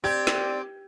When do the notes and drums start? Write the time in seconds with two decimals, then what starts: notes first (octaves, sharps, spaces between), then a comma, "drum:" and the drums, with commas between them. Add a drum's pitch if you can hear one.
0.04 C4 G4 D5 G5 G#6
0.27 drum: snare